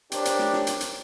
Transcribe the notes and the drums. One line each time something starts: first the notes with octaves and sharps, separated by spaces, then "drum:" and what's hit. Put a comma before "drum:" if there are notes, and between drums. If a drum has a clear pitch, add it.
D4 G4 A#4 C5 C#5, drum: hi-hat
drum: hi-hat
drum: snare
drum: snare
drum: hi-hat
drum: hi-hat